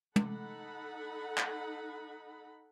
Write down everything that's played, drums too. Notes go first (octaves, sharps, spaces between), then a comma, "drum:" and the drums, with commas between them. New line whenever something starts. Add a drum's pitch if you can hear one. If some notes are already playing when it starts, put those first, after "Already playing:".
D#4 A4 F#5 B5, drum: tom
drum: clap